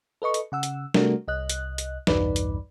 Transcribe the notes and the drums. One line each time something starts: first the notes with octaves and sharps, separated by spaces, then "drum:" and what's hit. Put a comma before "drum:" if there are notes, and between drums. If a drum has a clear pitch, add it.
A4 B4 D#5 C#6
drum: hi-hat
C#3 F#5 E6
drum: hi-hat
C3 G3 A3 D4 F#4 A#4, drum: snare
C2 D#5 F#6
drum: hi-hat
drum: hi-hat
B1 E2 G2 D#4 B4 D5, drum: snare
drum: hi-hat